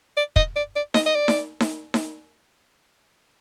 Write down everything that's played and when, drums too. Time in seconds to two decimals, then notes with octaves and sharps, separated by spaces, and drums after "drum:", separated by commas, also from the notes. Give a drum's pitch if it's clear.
0.17 D5
0.36 D#5, drum: kick
0.56 D5
0.76 D5
0.94 D#5, drum: snare D#4
1.06 D#5
1.15 D5
1.28 drum: snare D#4
1.60 drum: snare D#4
1.94 drum: snare D#4